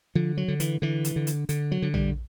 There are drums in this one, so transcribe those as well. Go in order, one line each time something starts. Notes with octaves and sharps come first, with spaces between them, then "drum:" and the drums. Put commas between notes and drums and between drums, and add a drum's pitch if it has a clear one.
D3 F3
F#3
D3
E3, drum: hi-hat
D3 E3
drum: hi-hat
D3
drum: hi-hat
D3, drum: hi-hat
F#3
D3
G3, drum: tom A#1